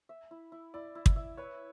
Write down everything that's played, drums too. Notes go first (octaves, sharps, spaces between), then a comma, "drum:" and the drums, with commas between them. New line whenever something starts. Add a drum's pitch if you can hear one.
E5
E4
E4
E4 D5
E4
drum: kick
E5
B4 C#5